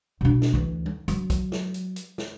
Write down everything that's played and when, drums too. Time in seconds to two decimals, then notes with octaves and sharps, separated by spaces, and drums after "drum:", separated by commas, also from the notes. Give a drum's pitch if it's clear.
0.21 B2 D4
0.42 drum: snare
0.53 D2 E3
0.86 drum: tom G3
1.08 F#3, drum: hi-hat
1.30 drum: kick, hi-hat
1.52 drum: snare
1.74 drum: hi-hat
1.96 drum: hi-hat
2.18 drum: snare